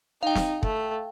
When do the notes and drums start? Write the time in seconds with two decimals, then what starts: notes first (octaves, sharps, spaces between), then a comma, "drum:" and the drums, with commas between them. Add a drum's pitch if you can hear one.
0.23 D#4 F5 G5
0.35 drum: snare
0.63 A3, drum: kick